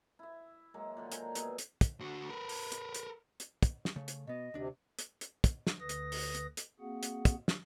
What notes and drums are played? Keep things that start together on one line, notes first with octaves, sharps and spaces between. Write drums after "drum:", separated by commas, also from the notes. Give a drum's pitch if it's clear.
E4 E5
F#3 G#3 A#3
A#2 D3 D#3
C5 G#5 A#5, drum: hi-hat
B2 G#4 E5, drum: hi-hat
drum: hi-hat
drum: kick, hi-hat
D3 F#4
A#4 B4
drum: open hi-hat
drum: hi-hat
drum: hi-hat
drum: hi-hat
drum: kick, hi-hat
drum: snare
C#3 A3
drum: hi-hat
B2 B3 D#5
D2 C3 D4
drum: hi-hat
drum: hi-hat
drum: kick, hi-hat
drum: snare
D2 D3 B4 D#6 A#6
drum: hi-hat
drum: open hi-hat
drum: hi-hat
drum: hi-hat
A#3 C4 F#4 G#4 F#5
drum: hi-hat
drum: kick, hi-hat
drum: snare